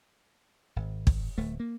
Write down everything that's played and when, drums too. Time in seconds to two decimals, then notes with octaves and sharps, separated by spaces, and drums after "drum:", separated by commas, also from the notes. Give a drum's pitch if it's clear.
0.76 G#1
1.07 drum: kick
1.37 D1 A3
1.60 A#3